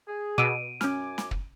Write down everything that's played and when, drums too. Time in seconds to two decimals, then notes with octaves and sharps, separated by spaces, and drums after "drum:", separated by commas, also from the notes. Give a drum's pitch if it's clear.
0.07 G#4
0.38 B2 D6 E6 D7 D#7
0.81 F#2 C#4 G#5 D6 F6, drum: snare
1.18 drum: snare
1.31 drum: kick